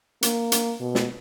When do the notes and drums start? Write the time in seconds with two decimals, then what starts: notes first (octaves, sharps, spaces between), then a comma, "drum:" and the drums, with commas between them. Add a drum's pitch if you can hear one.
0.23 A#3, drum: hi-hat
0.52 drum: hi-hat
0.80 B2
0.95 drum: snare